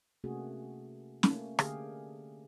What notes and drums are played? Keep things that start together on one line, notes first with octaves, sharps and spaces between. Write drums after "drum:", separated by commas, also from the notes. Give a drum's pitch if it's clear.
C3 A3 A#3 C#4 F#4 G#4
A3 A#3 C#4, drum: snare
D3 G4 G#4 F5, drum: rim click